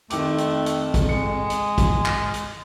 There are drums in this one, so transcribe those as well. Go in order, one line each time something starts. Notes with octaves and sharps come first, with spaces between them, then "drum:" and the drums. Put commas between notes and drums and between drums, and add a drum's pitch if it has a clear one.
F2 D#3 A3 G4 D6, drum: hi-hat
drum: hi-hat
drum: hi-hat
drum: kick, hi-hat
G#3 C#7
drum: hi-hat
drum: kick, hi-hat
drum: clap
drum: hi-hat